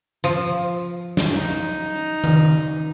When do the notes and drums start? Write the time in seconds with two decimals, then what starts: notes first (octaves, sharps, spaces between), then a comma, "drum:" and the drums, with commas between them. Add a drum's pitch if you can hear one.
0.24 F3, drum: hi-hat
1.17 drum: snare
1.33 D#4
2.24 drum: tom D#3